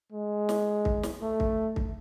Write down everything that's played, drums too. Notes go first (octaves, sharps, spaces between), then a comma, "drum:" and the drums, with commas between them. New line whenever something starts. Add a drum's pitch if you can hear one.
G#3
drum: snare
drum: kick C2
drum: snare
A3
drum: kick C2
drum: kick C2